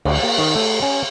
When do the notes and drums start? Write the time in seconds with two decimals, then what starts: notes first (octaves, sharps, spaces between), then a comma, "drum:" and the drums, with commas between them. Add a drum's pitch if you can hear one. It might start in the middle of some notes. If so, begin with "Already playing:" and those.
0.05 D2, drum: cymbal
0.23 A#3
0.38 D#3
0.55 A3
0.82 C#4